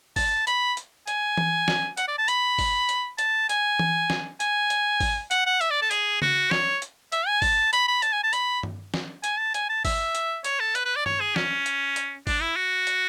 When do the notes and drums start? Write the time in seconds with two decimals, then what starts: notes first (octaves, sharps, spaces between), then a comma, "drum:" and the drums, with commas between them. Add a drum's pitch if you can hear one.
0.16 A5, drum: kick G#1, open hi-hat
0.47 B5, drum: hi-hat
0.77 drum: hi-hat
1.07 G#5, drum: hi-hat
1.38 drum: tom E3
1.68 drum: snare
1.97 F#5, drum: hi-hat
2.08 D5
2.18 A5
2.28 B5, drum: hi-hat
2.58 drum: kick G#1, open hi-hat
2.89 drum: hi-hat
3.18 A5, drum: hi-hat
3.49 G#5, drum: hi-hat
3.79 drum: tom E3
4.10 drum: snare
4.40 G#5, drum: hi-hat
4.70 drum: hi-hat
5.00 drum: kick G#1, open hi-hat
5.31 F#5, drum: hi-hat
5.46 F#5
5.61 E5, drum: hi-hat
5.71 D5
5.82 A4
5.91 G#4, drum: hi-hat
6.22 F#4, drum: tom C#3
6.51 C#5, drum: snare
6.82 drum: hi-hat
7.12 E5, drum: hi-hat
7.27 G#5
7.42 A5, drum: kick G#1, open hi-hat
7.73 B5, drum: hi-hat
7.88 B5
8.02 A5, drum: hi-hat
8.13 G#5
8.24 A5
8.33 B5, drum: hi-hat
8.63 drum: tom G2
8.94 drum: snare
9.24 G#5, drum: hi-hat
9.39 A5
9.54 G#5, drum: hi-hat
9.69 A5
9.85 E5, drum: kick G#1, open hi-hat
10.15 drum: hi-hat
10.44 C#5, drum: hi-hat
10.60 A4
10.75 B4, drum: hi-hat
10.85 B4
10.96 D5
11.06 C#5, drum: tom G2
11.20 G#4
11.36 C#4, drum: snare
11.66 drum: hi-hat
11.96 drum: hi-hat
12.27 D4, drum: kick G#1, open hi-hat
12.41 E4
12.56 F#4
12.87 drum: hi-hat